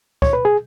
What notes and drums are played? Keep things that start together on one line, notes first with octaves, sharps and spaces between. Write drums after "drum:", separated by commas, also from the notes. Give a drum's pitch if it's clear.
C#5, drum: kick
B4
G#4